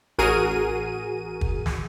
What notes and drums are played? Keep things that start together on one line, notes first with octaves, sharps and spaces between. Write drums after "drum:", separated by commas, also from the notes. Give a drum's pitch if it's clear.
A1 F#4 G#4 A#4 D#7
drum: kick
drum: snare